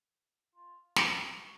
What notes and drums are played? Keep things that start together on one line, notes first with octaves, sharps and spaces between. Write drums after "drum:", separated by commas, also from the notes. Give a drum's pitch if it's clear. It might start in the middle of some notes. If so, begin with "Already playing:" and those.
F4
drum: snare
F#4